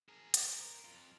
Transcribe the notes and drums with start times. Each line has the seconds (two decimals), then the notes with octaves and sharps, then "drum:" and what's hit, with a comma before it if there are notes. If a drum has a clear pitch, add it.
0.09 G#4 A#4
0.34 drum: hi-hat
0.49 A#4 C5
0.85 F2 F4